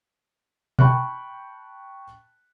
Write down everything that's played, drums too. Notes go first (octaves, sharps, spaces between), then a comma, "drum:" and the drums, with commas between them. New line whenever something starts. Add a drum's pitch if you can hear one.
G5 A5 B5 C#6 F#6, drum: tom B2